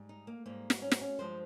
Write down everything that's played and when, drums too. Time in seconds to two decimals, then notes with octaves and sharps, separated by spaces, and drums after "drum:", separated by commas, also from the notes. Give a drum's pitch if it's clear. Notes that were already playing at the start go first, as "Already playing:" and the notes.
Already playing: G#2 G3
0.09 D#4
0.27 A#3
0.46 G#2 G3 A#3
0.70 drum: snare
0.82 C#4
0.91 C4, drum: snare
1.01 C#4
1.19 G2 F3 G#3 C5